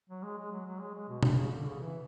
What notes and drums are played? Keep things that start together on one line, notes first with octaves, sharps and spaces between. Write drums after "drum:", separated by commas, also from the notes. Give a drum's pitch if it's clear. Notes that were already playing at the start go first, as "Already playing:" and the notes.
F#3
G#3
G#3
F#3
F#3
G#3
G#3
B2
B2, drum: tom
C#3
D3
C#3
E3